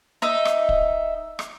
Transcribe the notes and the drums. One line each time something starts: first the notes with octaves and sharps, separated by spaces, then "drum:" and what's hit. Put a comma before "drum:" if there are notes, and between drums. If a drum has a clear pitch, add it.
D#4 D#5 E5
drum: rim click
drum: kick
drum: rim click